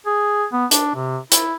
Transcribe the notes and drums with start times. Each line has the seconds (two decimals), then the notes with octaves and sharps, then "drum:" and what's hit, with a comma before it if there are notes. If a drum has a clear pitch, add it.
0.06 G#4
0.53 B3
0.71 D4, drum: hi-hat
0.95 C3
1.32 E4, drum: hi-hat